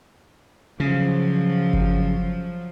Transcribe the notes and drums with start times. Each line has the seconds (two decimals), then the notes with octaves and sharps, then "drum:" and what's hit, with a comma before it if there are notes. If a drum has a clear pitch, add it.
0.80 C#3 F3 F#3
1.73 drum: kick G1